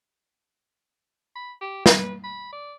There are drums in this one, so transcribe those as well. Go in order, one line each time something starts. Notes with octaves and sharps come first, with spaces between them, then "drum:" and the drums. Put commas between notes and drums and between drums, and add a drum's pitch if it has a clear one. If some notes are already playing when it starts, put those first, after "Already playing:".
B5
G4
B4, drum: snare
B5
D5